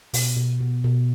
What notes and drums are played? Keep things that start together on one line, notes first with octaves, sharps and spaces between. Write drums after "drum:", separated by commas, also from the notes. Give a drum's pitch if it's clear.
B2, drum: open hi-hat
B2
B2
B2